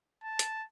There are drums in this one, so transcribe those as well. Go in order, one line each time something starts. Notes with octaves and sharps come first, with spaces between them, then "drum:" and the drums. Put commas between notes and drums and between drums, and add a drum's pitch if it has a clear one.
A5
drum: hi-hat